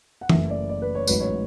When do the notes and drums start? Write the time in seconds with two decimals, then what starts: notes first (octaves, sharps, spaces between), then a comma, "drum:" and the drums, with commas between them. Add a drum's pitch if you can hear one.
0.21 F#5
0.29 F#1 F#2 E3 A3 E5, drum: tom
0.50 D5
0.69 D5
0.82 B4
0.95 C#5
1.07 A1 G#2 F#3 B4, drum: tambourine
1.20 C#5